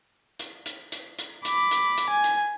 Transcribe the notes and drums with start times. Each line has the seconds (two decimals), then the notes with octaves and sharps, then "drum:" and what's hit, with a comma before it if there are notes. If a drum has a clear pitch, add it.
0.39 drum: hi-hat
0.66 drum: hi-hat
0.92 drum: hi-hat
1.19 drum: hi-hat
1.45 B5 D6, drum: hi-hat
1.71 drum: hi-hat
1.98 drum: hi-hat
2.10 G#5
2.24 drum: hi-hat